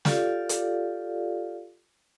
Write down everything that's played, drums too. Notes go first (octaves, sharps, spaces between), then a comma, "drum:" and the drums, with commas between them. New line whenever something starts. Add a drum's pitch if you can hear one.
F4 G4 A4 D5 F5, drum: snare
drum: hi-hat